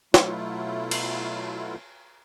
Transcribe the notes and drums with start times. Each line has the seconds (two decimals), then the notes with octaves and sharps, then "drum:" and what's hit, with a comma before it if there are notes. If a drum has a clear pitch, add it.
0.14 B2 F#3 A3 E4 F4, drum: snare
0.91 drum: cymbal